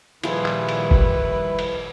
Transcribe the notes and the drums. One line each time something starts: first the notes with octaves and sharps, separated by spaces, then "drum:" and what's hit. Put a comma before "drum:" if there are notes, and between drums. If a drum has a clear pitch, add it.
A#2 D#3 F3 G3 E4 G#4 B4, drum: cymbal
drum: clap
drum: cymbal
drum: kick
drum: cymbal